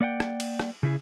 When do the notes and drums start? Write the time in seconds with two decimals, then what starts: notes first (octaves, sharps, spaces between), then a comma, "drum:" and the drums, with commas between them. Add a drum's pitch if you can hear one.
0.01 A#3 D5 F#5 G5
0.20 drum: rim click
0.40 drum: cymbal
0.59 drum: rim click
0.83 C#3 E4 G#4